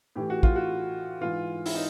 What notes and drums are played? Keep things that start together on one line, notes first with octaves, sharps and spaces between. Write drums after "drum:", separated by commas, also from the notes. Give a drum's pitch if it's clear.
A2 E3 G4
F#4
F4, drum: kick
F#4
G#2 E3 F4
E4, drum: open hi-hat
D#4